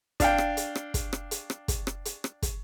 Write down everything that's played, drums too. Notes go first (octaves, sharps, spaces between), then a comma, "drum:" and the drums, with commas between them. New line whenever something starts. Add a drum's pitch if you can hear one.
D4 F5 G5, drum: kick, hi-hat
drum: rim click
drum: hi-hat
drum: rim click
drum: kick, hi-hat
drum: rim click
drum: hi-hat
drum: rim click
drum: kick, hi-hat
drum: rim click
drum: hi-hat
drum: rim click
drum: kick, hi-hat